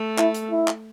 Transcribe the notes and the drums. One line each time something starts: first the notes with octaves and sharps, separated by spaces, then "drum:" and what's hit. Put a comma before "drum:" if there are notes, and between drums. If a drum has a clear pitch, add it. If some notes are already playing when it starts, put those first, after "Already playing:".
Already playing: A3
E4, drum: clap
drum: hi-hat
E4
drum: clap